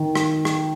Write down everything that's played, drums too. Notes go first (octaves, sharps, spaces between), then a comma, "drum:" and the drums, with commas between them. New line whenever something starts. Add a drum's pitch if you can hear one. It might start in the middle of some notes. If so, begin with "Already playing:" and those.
Already playing: D#3
drum: rim click
drum: rim click